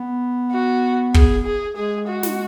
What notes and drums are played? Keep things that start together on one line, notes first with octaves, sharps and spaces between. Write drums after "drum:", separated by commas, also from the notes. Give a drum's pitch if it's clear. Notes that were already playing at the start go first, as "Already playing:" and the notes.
Already playing: B3
F#4
G#4, drum: kick
G#4
G#3 G#4
F#4
drum: snare